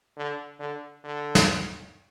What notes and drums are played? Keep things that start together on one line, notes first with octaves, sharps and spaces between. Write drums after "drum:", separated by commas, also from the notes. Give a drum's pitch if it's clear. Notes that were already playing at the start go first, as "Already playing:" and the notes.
D3
D3
D3
drum: snare